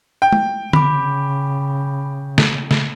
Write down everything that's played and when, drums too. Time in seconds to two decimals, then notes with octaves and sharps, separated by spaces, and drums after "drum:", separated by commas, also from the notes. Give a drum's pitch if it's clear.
0.22 G5
0.32 drum: tom G#3
0.73 C#3 B5 D6, drum: tom D3
2.38 drum: snare
2.71 drum: snare